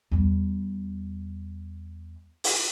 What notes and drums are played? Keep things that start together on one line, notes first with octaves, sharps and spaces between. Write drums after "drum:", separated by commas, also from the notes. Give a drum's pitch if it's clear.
E2 G3
drum: open hi-hat